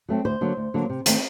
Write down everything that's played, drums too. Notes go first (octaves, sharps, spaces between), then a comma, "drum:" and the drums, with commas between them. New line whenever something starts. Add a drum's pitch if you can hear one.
F#3 A3 C4
D2 C5
D3 F#3 A#3
D2
D3 F#3 A#3
C3
D#3 A3 C4, drum: hi-hat